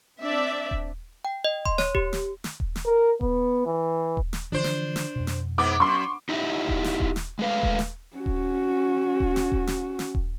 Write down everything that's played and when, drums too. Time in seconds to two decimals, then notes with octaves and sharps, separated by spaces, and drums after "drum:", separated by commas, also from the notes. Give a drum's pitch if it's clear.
0.21 C4 D4 D5 E5
0.71 drum: kick D#1
1.25 G5
1.44 D#5
1.65 C6, drum: kick D#1
1.78 C#5, drum: snare
1.95 G4, drum: kick D#1
2.13 drum: snare
2.44 drum: snare
2.60 drum: kick D#1
2.76 drum: snare
2.85 A#4
3.21 B3, drum: kick D#1
3.66 E3
4.17 drum: kick D#1
4.33 drum: snare
4.52 D3 E3 F3 D4 C5
4.64 drum: snare
4.96 drum: snare
5.16 F2 B2
5.27 drum: snare
5.58 G#2 B3 D6
5.80 F#2 C6 C#6
6.29 D#4 E4 G4 D#5 E5
6.69 drum: kick D#1
6.84 drum: snare
7.00 drum: kick D#1
7.16 drum: snare
7.39 G#3 A3 B4 F5
7.63 drum: kick D#1
7.79 drum: snare
8.17 C#4 F#4
8.26 drum: kick D#1
9.20 drum: kick D#1
9.36 drum: snare
9.52 drum: kick D#1
9.67 drum: snare
9.99 drum: snare
10.15 drum: kick D#1